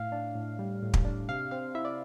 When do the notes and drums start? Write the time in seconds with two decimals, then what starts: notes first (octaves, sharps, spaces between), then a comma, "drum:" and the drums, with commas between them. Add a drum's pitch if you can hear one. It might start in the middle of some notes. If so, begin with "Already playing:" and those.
Already playing: A2 F5
0.12 D4
0.35 A2
0.59 G3
0.82 A2
0.94 drum: kick
1.05 D4
1.29 C3 F5
1.51 C4 F5
1.75 E4 E5
1.85 D5